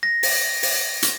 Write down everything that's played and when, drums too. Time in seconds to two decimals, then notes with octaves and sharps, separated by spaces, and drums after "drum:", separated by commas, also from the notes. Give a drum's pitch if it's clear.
0.03 A#6
0.23 drum: open hi-hat
0.63 drum: open hi-hat
1.02 drum: hi-hat